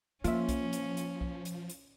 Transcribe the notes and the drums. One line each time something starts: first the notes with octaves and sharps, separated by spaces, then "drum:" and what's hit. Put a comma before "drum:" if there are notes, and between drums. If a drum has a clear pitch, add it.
F3 A#3 C#4 F4 E5, drum: hi-hat
drum: kick B1, hi-hat
drum: hi-hat
drum: hi-hat
drum: kick B1
drum: hi-hat
drum: hi-hat